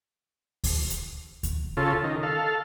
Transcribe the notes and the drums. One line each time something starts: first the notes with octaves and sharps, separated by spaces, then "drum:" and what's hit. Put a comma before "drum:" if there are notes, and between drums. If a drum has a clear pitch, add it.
drum: kick D2, open hi-hat
drum: hi-hat
drum: kick D2, hi-hat
C#3 F4 A4
D#3
A4 F5